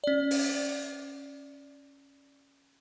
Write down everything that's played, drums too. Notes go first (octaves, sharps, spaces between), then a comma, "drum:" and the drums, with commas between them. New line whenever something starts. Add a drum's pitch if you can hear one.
C#4 D5
drum: open hi-hat